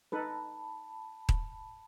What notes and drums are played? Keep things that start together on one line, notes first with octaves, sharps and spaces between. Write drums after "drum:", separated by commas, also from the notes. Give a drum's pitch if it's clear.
D#4 A4 B4 A5 B5
drum: kick D#1